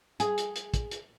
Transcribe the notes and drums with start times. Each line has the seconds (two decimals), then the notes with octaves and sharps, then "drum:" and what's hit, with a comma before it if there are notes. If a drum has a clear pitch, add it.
0.20 G#4, drum: hi-hat
0.38 drum: hi-hat
0.56 drum: hi-hat
0.74 drum: kick, hi-hat
0.91 drum: hi-hat